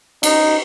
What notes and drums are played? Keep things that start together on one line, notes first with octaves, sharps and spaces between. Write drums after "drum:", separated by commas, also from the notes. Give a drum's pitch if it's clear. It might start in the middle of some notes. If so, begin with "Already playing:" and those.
D#4, drum: cymbal